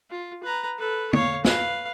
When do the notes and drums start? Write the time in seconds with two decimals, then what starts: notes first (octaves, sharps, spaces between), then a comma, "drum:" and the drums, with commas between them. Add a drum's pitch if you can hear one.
0.11 F4
0.44 B4 A#5
0.78 A4 B4
1.13 C#5 F5, drum: tom
1.45 B4 F5, drum: snare